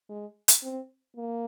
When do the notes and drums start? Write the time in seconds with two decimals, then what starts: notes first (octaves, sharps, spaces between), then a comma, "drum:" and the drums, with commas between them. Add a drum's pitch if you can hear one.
0.09 G#3
0.48 drum: hi-hat
0.63 C4
1.17 A#3